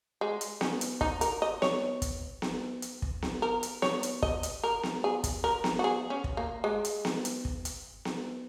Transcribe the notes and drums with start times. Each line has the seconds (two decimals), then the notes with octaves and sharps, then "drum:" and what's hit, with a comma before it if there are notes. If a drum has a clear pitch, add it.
0.21 G#3
0.41 drum: hi-hat
0.61 C#4, drum: snare B3
0.81 drum: hi-hat
1.01 D#4, drum: kick
1.21 A#4, drum: hi-hat
1.42 D#5
1.62 C#5, drum: snare B3
2.02 drum: kick, hi-hat
2.42 drum: snare B3
2.82 drum: hi-hat
3.02 drum: kick
3.22 drum: snare B3
3.42 A#4
3.63 drum: hi-hat
3.82 C#5, drum: snare B3
4.03 drum: hi-hat
4.23 D#5, drum: kick
4.43 drum: hi-hat
4.63 A#4
4.83 drum: snare B3
5.04 G#4
5.24 drum: kick, hi-hat
5.44 A#4
5.64 drum: snare B3
5.79 F#4
5.84 G#4
6.10 C#4
6.24 drum: kick
6.37 A#3
6.64 G#3
6.85 drum: hi-hat
7.05 drum: snare B3
7.25 drum: hi-hat
7.45 drum: kick
7.65 drum: hi-hat
8.05 drum: snare B3